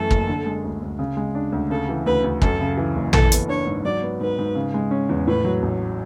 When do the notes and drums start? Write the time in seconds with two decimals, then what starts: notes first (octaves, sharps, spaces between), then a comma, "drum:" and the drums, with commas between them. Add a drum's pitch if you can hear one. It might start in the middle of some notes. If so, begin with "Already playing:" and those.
Already playing: F#2 E3 A3 A4
0.11 F#1, drum: kick
0.28 D3
0.46 G#3
0.64 D2
0.82 D2
0.99 C#3
1.17 G#3
1.35 D4
1.52 D2
1.70 C#3 A4
1.89 E3
2.06 D2 B4
2.24 D2
2.42 F#2 A4, drum: kick
2.60 C#3
2.78 E3
2.96 F#1
3.13 E3 A4, drum: tom
3.32 B3, drum: hi-hat
3.48 D4 C#5
3.67 G#2
3.85 F#3 D5
4.02 B3
4.21 G#2 B4
4.38 G#2
4.55 C#3
4.74 G#3
4.91 C#4
5.09 E2
5.27 A2 B4
5.45 F#3
5.63 A1